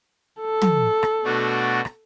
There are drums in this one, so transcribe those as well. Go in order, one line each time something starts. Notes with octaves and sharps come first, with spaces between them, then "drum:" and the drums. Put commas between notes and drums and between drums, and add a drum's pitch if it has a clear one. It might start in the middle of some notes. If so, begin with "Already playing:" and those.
A4
drum: tom
drum: rim click
B2 A3 D4 F#4
drum: rim click